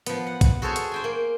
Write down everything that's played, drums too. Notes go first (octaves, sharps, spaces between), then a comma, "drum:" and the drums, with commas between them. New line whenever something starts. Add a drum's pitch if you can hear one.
F3 B3, drum: hi-hat
F#5
drum: kick, hi-hat
F#4 G#4 A4 C5 C#5 G#5
drum: hi-hat
C5 G5 G#5
A#3